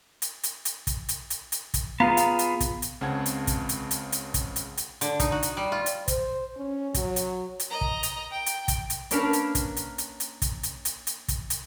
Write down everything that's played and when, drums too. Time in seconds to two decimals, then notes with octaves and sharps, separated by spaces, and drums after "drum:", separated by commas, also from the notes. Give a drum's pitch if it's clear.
0.22 drum: hi-hat
0.43 drum: hi-hat
0.65 drum: hi-hat
0.87 drum: kick, hi-hat
1.09 drum: hi-hat
1.30 drum: hi-hat
1.52 drum: hi-hat
1.74 drum: kick, hi-hat
2.00 B3 F4 G#4 F5 A#5
2.17 drum: hi-hat
2.39 drum: hi-hat
2.60 drum: kick, hi-hat
2.82 drum: hi-hat
3.01 C#2 C#3 C4 F#5 A5 G#6
3.26 drum: hi-hat
3.47 drum: kick, hi-hat
3.69 drum: hi-hat
3.91 drum: hi-hat
4.12 drum: hi-hat
4.34 drum: kick, hi-hat
4.56 drum: hi-hat
4.77 drum: hi-hat
5.01 D3, drum: hi-hat
5.20 D#4, drum: kick, hi-hat
5.32 F#4
5.43 drum: hi-hat
5.57 G3
5.72 F4
5.86 drum: hi-hat
6.08 C5, drum: kick, hi-hat
6.57 C#4
6.94 F#3, drum: kick, hi-hat
7.16 drum: hi-hat
7.60 drum: hi-hat
7.70 D#5 A#5
7.81 drum: kick
8.03 drum: hi-hat
8.31 G5
8.46 drum: hi-hat
8.68 drum: kick, hi-hat
8.90 drum: hi-hat
9.11 A#3 C#4 D4 A#4 B4 A5, drum: hi-hat
9.33 drum: hi-hat
9.55 drum: kick, hi-hat
9.77 drum: hi-hat
9.98 drum: hi-hat
10.20 drum: hi-hat
10.42 drum: kick, hi-hat
10.63 drum: hi-hat
10.85 drum: hi-hat
11.07 drum: hi-hat
11.28 drum: kick, hi-hat
11.50 drum: hi-hat